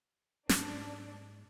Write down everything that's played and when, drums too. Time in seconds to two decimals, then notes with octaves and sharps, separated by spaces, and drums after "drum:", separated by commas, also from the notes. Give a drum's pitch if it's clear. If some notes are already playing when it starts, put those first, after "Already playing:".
0.49 G#2 D4, drum: snare